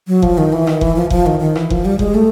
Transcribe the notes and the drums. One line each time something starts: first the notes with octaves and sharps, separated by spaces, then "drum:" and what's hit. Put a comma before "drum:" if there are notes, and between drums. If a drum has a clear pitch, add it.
F#3
F3, drum: kick F#1
D#3
E3
D#3, drum: rim click
E3, drum: kick F#1
F3
F3, drum: kick F#1
D#3
D#3
E3, drum: rim click
F3, drum: kick F#1
G3
G#3, drum: kick F#1
A3